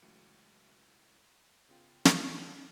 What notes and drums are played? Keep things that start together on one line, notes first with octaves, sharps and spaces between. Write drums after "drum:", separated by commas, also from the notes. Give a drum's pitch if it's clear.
C#2 E3 F#3 A3 F#4 C#7
C#3 B3 F4 G5
drum: snare